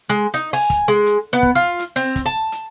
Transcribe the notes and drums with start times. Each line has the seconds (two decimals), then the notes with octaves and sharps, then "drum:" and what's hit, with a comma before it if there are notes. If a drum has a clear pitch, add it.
0.09 G#3
0.34 D#4, drum: hi-hat
0.53 G#5, drum: open hi-hat
0.70 drum: kick, hi-hat
0.88 G#3, drum: hi-hat
1.06 drum: hi-hat
1.33 B3
1.43 drum: kick
1.55 F4
1.79 drum: hi-hat
1.96 C4, drum: open hi-hat
2.16 drum: kick, hi-hat
2.26 A5
2.52 drum: hi-hat